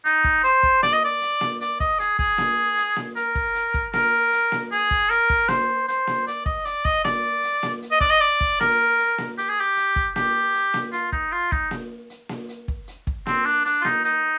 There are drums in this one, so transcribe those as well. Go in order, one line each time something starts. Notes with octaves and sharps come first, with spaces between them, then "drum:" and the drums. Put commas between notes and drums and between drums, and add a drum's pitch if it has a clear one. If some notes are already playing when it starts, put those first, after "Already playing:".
D#4, drum: hi-hat
drum: kick
C5, drum: hi-hat
drum: kick
D5, drum: snare A#3
D#5
D5
drum: hi-hat
drum: snare A#3
D5, drum: hi-hat
D#5, drum: kick
G#4, drum: hi-hat
G#4, drum: kick
drum: snare A#3
drum: hi-hat
drum: snare A#3
A#4, drum: hi-hat
drum: kick
drum: hi-hat
drum: kick
A#4, drum: snare A#3
drum: hi-hat
drum: snare A#3
G#4, drum: hi-hat
drum: kick
A#4, drum: hi-hat
drum: kick
C5, drum: snare A#3
C5, drum: hi-hat
drum: snare A#3
D5, drum: hi-hat
D#5, drum: kick
D5, drum: hi-hat
D#5, drum: kick
D5, drum: snare A#3
drum: hi-hat
drum: snare A#3
drum: hi-hat
D#5
D5, drum: kick
D#5
D5, drum: hi-hat
drum: kick
A#4, drum: snare A#3
drum: hi-hat
drum: snare A#3
G4, drum: hi-hat
G#4
G4
drum: hi-hat
drum: kick
G4, drum: snare A#3
drum: hi-hat
drum: snare A#3
F4, drum: hi-hat
D#4, drum: kick
F4
D#4, drum: kick
drum: snare A#3
drum: hi-hat
drum: snare A#3
drum: hi-hat
drum: kick
drum: hi-hat
drum: kick
C4, drum: snare A#3
D4
D4, drum: hi-hat
F4
D#4, drum: snare A#3
D#4, drum: hi-hat